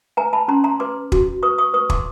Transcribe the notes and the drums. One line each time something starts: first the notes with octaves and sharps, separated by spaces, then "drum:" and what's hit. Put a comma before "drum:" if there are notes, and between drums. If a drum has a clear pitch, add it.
B4 G#5 A#5
A5 B5
C#4 A#5 C6
A#5 C6
B4 C6 D6
F#4, drum: kick
B4 C#6 D#6
C#6 D#6
B4 C#6 D#6
C6 D6, drum: kick